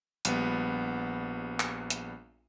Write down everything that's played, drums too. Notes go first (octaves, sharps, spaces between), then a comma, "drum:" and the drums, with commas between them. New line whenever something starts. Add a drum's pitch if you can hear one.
A#1 G3 B3, drum: hi-hat
drum: clap
drum: hi-hat